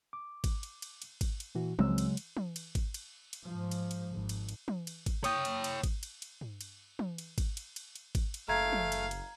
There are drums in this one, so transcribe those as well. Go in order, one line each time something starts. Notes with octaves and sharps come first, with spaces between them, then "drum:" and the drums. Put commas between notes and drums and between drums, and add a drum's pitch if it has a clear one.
D6
drum: kick G#1, cymbal
drum: cymbal
drum: cymbal
drum: cymbal
drum: kick G#1, cymbal
drum: cymbal
A#2 E3 F#4
C#2 C#3 F#3 G#3 C4 E6, drum: tom
drum: cymbal
drum: cymbal
drum: tom
drum: cymbal
drum: kick G#1, cymbal
drum: cymbal
drum: cymbal
G#2 F3
drum: cymbal
drum: cymbal
G#1
drum: cymbal
drum: cymbal
drum: tom
drum: cymbal
drum: kick G#1, cymbal
C#5 G5 D#6, drum: cymbal
drum: cymbal
drum: cymbal
drum: kick G#1, cymbal
drum: cymbal
drum: cymbal
drum: tom
drum: cymbal
drum: tom
drum: cymbal
drum: kick G#1, cymbal
drum: cymbal
drum: cymbal
drum: cymbal
drum: kick G#1, cymbal
drum: cymbal
F#1 A3 F5 A#5 G#6
drum: tom
drum: cymbal
drum: cymbal